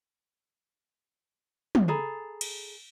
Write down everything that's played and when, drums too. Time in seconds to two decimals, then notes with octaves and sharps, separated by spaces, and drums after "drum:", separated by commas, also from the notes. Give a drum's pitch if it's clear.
1.75 drum: tom
1.88 G#4 A4 A#5 B5
2.41 drum: cymbal